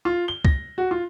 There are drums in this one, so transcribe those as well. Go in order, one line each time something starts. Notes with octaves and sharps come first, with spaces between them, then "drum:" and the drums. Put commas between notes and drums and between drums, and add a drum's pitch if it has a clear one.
F4
G7
A#6, drum: kick C#2
F#4
F4